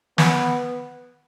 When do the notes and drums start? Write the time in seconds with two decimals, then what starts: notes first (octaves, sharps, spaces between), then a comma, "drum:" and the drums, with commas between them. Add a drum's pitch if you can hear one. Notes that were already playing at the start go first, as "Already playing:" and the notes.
0.18 B3, drum: snare